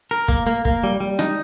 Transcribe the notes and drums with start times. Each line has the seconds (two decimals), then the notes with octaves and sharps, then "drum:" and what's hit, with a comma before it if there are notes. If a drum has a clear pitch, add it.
0.11 A#4
0.28 A#3, drum: kick
0.47 A#3
0.65 A#3, drum: kick
0.84 G3
1.00 G3
1.19 D#4, drum: rim click